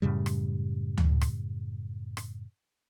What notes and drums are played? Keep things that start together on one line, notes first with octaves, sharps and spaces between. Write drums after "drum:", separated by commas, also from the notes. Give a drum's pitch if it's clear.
F#2 A2 C#3 G3
drum: rim click
drum: tom D2
drum: rim click
drum: rim click